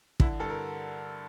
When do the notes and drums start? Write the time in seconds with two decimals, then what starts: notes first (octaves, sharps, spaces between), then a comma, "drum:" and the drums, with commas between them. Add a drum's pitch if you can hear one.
0.20 D3 E4, drum: kick
0.40 G2 A4
0.50 A#4